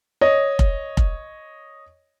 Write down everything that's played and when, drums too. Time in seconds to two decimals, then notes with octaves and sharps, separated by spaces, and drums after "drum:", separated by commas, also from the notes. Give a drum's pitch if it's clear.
0.21 C#5 D#5
0.59 drum: kick F1
0.97 drum: kick F1